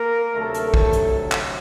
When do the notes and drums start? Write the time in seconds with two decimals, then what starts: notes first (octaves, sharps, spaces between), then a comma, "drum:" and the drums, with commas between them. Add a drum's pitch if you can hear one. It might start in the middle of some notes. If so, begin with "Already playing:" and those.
Already playing: A#3 A#4
0.35 D2 C3 F#3 A3 A4
0.54 drum: hi-hat
0.74 drum: kick
0.93 drum: hi-hat
1.31 drum: clap